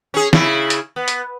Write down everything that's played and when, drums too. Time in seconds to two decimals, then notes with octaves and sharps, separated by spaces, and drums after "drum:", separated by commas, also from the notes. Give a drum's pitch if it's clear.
0.14 C#4 G#4
0.33 C#3 E4, drum: snare
0.70 drum: hi-hat
0.96 B3
1.08 drum: hi-hat